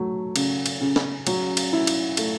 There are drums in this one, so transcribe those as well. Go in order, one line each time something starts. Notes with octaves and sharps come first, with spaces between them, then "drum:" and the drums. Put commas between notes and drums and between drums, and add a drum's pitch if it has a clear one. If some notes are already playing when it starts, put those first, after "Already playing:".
Already playing: F#3 A3
C#3, drum: cymbal
drum: cymbal
C#3
drum: snare
F#3, drum: cymbal
drum: cymbal
E4
drum: cymbal
A3, drum: cymbal